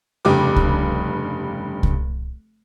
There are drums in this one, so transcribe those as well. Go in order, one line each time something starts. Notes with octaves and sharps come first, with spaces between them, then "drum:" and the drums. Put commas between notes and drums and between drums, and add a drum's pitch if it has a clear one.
F1 G2 C#3 G4 D6
drum: kick C2
drum: kick C2